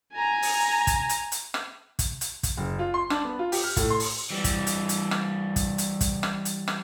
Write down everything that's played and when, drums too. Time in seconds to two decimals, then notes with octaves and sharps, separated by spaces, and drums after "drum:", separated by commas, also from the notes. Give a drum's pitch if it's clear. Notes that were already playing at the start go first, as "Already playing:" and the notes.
0.13 G#5 A#5
0.42 drum: open hi-hat
0.87 drum: kick, hi-hat
1.09 drum: hi-hat
1.32 drum: hi-hat
1.54 drum: rim click
1.99 drum: kick, hi-hat
2.21 drum: hi-hat
2.43 drum: kick, hi-hat
2.57 F#1
2.79 F4
2.94 C6
3.10 D4, drum: rim click
3.25 B3
3.39 F4
3.52 G4, drum: open hi-hat
3.64 F6
3.76 A2, drum: kick, hi-hat
3.90 C6
4.00 drum: open hi-hat
4.31 E3 G3
4.44 drum: kick, hi-hat
4.67 drum: hi-hat
4.89 drum: hi-hat
5.11 drum: rim click
5.56 drum: kick, hi-hat
5.78 drum: hi-hat
6.01 drum: kick, hi-hat
6.23 drum: rim click
6.45 drum: hi-hat
6.68 drum: rim click